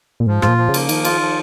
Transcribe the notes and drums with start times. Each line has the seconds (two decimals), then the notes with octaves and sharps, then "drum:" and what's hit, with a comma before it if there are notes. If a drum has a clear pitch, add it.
0.20 A#2
0.27 G#2 F3
0.42 G#2 F4, drum: rim click
0.48 A#2
0.58 F3
0.69 C#3
0.74 A#3, drum: cymbal
0.89 D#3 F3, drum: cymbal
1.05 F4, drum: cymbal
1.21 F3